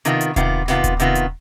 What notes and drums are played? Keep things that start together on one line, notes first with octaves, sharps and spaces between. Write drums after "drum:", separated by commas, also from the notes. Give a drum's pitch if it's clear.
C3 D#3 B3 F4, drum: hi-hat
drum: hi-hat
C3 D#3 B3 F4, drum: kick D#1, hi-hat
C3 D#3 B3 F4, drum: snare
drum: kick D#1, hi-hat
C3 D#3 B3 F4, drum: hi-hat
drum: hi-hat